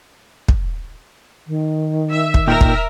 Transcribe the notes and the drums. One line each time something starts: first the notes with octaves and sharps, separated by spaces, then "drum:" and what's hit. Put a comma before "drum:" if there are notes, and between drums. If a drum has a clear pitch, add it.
drum: kick
D#3
E5
drum: kick
A#2 D#4 A#4 E5 G5
drum: kick